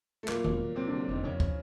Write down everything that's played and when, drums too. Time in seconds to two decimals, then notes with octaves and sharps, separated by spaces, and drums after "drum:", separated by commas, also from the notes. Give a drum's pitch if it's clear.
0.23 A3
0.28 A#2 F#3 A#3, drum: clap
0.44 E1, drum: tom D#3
0.60 F#3
0.76 C3 F#3 C4
0.88 D3 D4
0.92 F#3
1.00 D3 D4
1.08 E1 D#3 D#4
1.24 F2 C#3 C#4
1.40 F3, drum: kick